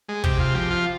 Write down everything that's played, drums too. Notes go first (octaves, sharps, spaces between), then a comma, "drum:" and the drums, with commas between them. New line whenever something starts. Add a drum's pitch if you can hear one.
G#3
C3 G4, drum: kick
F4
F3 G4
F4